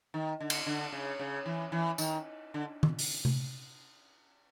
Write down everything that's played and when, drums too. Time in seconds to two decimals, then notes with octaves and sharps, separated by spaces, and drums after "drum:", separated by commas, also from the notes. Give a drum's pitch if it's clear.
0.14 D#3
0.40 D3
0.50 drum: cymbal
0.66 D3
0.92 C#3
1.19 C#3
1.46 E3
1.72 E3
1.98 D#3, drum: tambourine
2.54 D3
2.83 drum: tom D#3
2.99 drum: open hi-hat
3.25 drum: tom C3